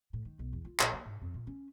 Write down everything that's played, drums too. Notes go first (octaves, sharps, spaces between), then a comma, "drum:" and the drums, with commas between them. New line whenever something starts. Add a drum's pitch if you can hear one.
A2
D#3
B1
E2
F4
A#1, drum: clap
A#3
G#2
F2
A#2
C#4